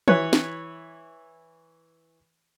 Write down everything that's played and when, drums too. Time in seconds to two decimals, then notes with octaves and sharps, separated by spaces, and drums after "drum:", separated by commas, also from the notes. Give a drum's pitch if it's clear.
0.08 E3 B4 C#5, drum: tom
0.33 drum: snare